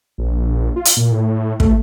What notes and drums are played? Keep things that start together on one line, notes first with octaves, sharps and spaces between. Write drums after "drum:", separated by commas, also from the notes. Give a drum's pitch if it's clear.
A#1
F4
drum: hi-hat
A#2
A2
A3, drum: kick